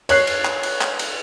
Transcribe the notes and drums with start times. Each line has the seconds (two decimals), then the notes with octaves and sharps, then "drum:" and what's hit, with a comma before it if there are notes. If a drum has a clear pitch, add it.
0.09 C#5 F#6 C7, drum: cymbal
0.27 drum: cymbal
0.45 drum: clap
0.63 drum: cymbal
0.81 drum: clap
0.99 drum: cymbal